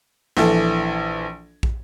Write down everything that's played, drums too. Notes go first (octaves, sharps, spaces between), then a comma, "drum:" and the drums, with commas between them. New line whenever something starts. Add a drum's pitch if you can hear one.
A#1 E3 A4, drum: snare
drum: kick